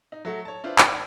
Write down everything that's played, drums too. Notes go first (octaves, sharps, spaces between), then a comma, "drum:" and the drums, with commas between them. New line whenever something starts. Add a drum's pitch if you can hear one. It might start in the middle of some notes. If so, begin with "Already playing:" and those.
D#4
F#3 A3 F#4
C#5 A5
D4 E4 F4 B4 C5
G#1 D5 G5 G#6, drum: clap